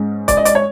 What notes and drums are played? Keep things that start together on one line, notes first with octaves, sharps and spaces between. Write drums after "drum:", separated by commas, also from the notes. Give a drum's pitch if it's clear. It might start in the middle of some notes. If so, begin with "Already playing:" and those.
Already playing: G#2 G#3 C#4
D5, drum: kick, hi-hat
D#5
D5, drum: hi-hat
C#5